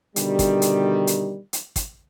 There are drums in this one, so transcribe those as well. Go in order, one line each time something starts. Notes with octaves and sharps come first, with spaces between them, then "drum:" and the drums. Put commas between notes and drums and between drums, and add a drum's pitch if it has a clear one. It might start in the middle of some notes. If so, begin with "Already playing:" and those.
B2 D3 D#3 G3, drum: hi-hat
drum: kick, hi-hat
drum: hi-hat
drum: hi-hat
drum: hi-hat
drum: kick, hi-hat